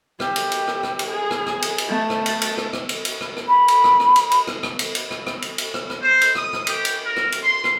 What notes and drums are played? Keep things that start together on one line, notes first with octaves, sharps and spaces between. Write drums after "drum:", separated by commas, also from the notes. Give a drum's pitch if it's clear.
G4, drum: rim click
drum: cymbal
drum: cymbal
drum: rim click
drum: rim click
drum: cymbal
G#4
drum: rim click
drum: rim click
drum: cymbal
drum: cymbal
A3
drum: rim click
drum: cymbal
drum: cymbal
drum: rim click
drum: rim click
drum: cymbal
drum: cymbal
drum: rim click
drum: rim click
B5
drum: cymbal
drum: rim click
drum: rim click
drum: cymbal
drum: cymbal
drum: rim click
drum: rim click
drum: cymbal
drum: cymbal
drum: rim click
drum: rim click
drum: cymbal
drum: cymbal
drum: rim click
drum: rim click
C5
drum: cymbal
D#6, drum: rim click
drum: rim click
G4, drum: cymbal
drum: cymbal
A#4
drum: rim click
drum: cymbal
C6
drum: rim click